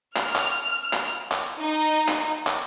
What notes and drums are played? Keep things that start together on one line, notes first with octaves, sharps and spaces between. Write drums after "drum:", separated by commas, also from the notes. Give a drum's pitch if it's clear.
F6, drum: clap
drum: clap
drum: clap
drum: clap
D#4
drum: clap
drum: clap